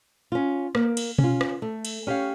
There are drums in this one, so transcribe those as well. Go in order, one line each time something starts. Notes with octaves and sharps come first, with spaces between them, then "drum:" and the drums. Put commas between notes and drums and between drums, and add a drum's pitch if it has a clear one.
C#4 F4
A#3, drum: rim click
drum: cymbal
C#4, drum: tom B2
F4
drum: rim click
A3
drum: cymbal
C#4 G4 C#5 F5